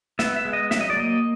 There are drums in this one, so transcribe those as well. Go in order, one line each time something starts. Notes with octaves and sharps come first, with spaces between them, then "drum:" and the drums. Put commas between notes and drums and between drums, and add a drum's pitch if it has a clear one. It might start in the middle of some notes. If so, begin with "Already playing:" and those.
B3 E5, drum: snare
E5
G#3
D#5
F#3 E5, drum: snare
D#5
D5
A#3 D#5